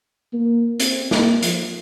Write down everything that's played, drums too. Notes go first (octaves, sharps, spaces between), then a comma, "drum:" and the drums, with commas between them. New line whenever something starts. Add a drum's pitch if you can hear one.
A#3
C4, drum: hi-hat
A#3, drum: snare
F3, drum: hi-hat